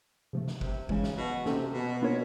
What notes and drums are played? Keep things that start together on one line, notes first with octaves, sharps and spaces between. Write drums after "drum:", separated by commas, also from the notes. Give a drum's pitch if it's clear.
C3 F3 A3
drum: snare
C3, drum: kick
C#3 E3 G#3 C#4, drum: kick
drum: snare
B2
C3 A#3 C#4 F#4 A4 C5, drum: snare
B2
A#3 D4 F4 A#4 C#5